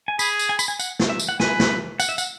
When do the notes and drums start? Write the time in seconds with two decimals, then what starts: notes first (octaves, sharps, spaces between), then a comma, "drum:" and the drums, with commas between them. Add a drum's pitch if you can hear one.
0.08 G#5
0.19 G#4 B5, drum: tambourine
0.39 drum: tambourine
0.49 G#5
0.59 B5, drum: tambourine
0.68 G#5
0.79 F#5, drum: tambourine
0.99 drum: snare
1.10 E5
1.20 drum: tambourine
1.29 F#5
1.40 B4 G#5, drum: snare
1.60 drum: snare
2.00 F#5, drum: tambourine
2.09 E5
2.18 F#5, drum: tambourine